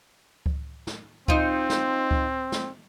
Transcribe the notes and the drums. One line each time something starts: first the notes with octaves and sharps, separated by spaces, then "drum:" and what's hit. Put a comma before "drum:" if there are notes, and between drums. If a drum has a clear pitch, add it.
drum: kick C#2
drum: snare
C4 D#4 F4, drum: kick C#2
drum: snare
drum: kick C#2
drum: snare